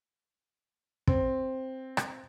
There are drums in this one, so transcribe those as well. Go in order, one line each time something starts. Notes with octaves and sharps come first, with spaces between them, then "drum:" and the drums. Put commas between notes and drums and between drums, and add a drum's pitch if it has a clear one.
C4, drum: kick
drum: rim click